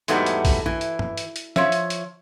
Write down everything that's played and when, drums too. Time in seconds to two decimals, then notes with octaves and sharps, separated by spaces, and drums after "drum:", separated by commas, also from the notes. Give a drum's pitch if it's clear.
0.08 E2 G#2 F#3 G3 A3 B3, drum: hi-hat
0.26 drum: hi-hat
0.45 drum: kick A#1, open hi-hat
0.66 E3, drum: tom G2
0.81 drum: hi-hat
0.99 drum: tom G2
1.17 drum: hi-hat
1.36 drum: hi-hat
1.56 F3 C#5 E5, drum: snare
1.72 drum: hi-hat
1.90 drum: hi-hat